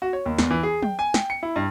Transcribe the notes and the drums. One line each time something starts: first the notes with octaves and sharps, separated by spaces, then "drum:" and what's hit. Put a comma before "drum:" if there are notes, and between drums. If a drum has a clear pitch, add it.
F#4
C#5
D#2
E2, drum: snare
E3
G#4
G5, drum: tom
G#5
G5, drum: snare
C#7
E4
G2